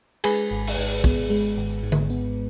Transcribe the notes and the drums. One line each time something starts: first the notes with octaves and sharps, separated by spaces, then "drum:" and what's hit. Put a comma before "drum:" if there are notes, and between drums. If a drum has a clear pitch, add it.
G#3 G#4 B4, drum: cymbal
G#1
drum: open hi-hat
G#2
B3, drum: kick
G#3
G#1
G#2
drum: tom D3
B3